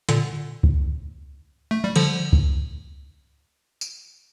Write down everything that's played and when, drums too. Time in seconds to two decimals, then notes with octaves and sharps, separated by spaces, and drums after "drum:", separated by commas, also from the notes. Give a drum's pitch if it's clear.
0.09 A#2 D3, drum: hi-hat
0.63 drum: kick C#2
1.71 A3
1.84 G3
1.96 D3 F3, drum: cymbal
2.33 drum: kick C#2
3.81 drum: tambourine